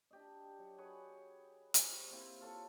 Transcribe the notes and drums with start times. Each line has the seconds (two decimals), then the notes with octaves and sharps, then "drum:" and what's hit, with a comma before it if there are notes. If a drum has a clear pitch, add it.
0.11 D4 G4 D#5
0.59 F#3
0.78 G#4 B4 C#5 F#5
1.74 G4 C5 B5 C#6, drum: hi-hat
2.11 A#3 C4 E4
2.41 F4 A4 C#5